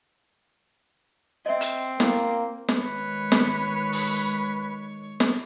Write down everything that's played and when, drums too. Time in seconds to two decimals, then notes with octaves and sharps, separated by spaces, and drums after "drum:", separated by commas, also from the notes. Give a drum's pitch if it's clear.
1.46 C4 D#5 E5
1.61 drum: hi-hat
2.00 A#3 E4, drum: snare
2.68 drum: snare
2.79 D#3 G#3 B4 C#5
3.32 drum: snare
3.92 drum: open hi-hat
5.20 drum: snare